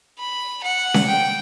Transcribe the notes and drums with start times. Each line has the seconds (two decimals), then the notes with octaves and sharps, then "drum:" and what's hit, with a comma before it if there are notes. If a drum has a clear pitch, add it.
0.19 B5
0.63 F#5
0.94 drum: snare C#4
1.07 G5